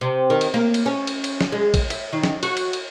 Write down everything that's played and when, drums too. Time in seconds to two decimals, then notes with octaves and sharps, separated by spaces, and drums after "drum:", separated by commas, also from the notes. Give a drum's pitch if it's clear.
0.01 C3
0.30 D#3
0.41 drum: cymbal
0.54 A#3
0.74 drum: cymbal
0.86 C#4
1.07 drum: cymbal
1.24 drum: cymbal
1.41 drum: snare
1.52 G#3
1.74 drum: kick, cymbal
1.90 E5, drum: cymbal
2.13 D#3
2.23 drum: snare
2.43 F#4, drum: cymbal
2.57 drum: cymbal
2.73 drum: cymbal